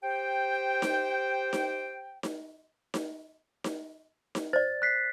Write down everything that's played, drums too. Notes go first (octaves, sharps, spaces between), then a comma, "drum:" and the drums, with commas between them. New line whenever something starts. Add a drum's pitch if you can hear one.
G4 C5 G5
drum: snare D#4
drum: snare D#4
drum: snare D#4
drum: snare D#4
drum: snare D#4
drum: snare D#4
C5 D5 A6
F#6 B6 C7